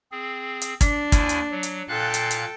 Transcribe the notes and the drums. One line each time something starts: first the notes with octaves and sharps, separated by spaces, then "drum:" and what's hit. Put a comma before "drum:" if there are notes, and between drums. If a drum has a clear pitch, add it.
C4 G#4
drum: hi-hat
D4, drum: kick, hi-hat
D#2 E4 G#5, drum: kick, hi-hat
drum: hi-hat
F#3
drum: hi-hat
A#2 A4 F5 G5 F#6
drum: hi-hat
drum: hi-hat